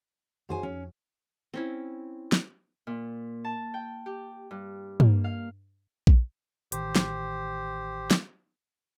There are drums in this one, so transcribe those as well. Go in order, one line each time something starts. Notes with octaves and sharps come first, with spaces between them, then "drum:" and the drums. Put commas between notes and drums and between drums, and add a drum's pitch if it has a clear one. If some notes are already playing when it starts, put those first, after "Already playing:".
F#2 D#4 F#4 G#4 C5 G#5
F2 C#4
C4 C#4 E4
drum: snare
A#2
A5
G5
G4
G2
A#3, drum: tom
F5
drum: kick A#1
A1 D#3 G4 C5, drum: hi-hat
drum: snare
drum: snare